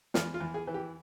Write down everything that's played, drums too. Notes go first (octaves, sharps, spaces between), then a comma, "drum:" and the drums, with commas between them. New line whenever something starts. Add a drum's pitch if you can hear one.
E2 F4, drum: snare
F4
E2
G#4
E3
G4